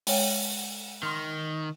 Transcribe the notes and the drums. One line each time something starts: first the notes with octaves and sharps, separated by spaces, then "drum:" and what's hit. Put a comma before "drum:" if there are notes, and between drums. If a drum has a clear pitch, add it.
G#3 C#5 G5, drum: open hi-hat
D#3 C6 F6